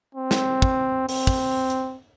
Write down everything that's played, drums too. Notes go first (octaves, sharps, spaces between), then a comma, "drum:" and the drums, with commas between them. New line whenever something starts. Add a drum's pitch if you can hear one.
C4
drum: snare
drum: kick
C4, drum: open hi-hat
drum: kick
drum: hi-hat